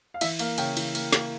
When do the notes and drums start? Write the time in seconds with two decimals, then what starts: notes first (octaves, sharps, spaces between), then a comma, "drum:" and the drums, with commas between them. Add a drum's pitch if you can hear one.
0.14 F5
0.21 E3 E5, drum: cymbal
0.39 A#3 F5, drum: cymbal
0.58 C#3 G5, drum: cymbal
0.77 E3, drum: cymbal
0.95 A#3, drum: cymbal
1.13 A#3, drum: snare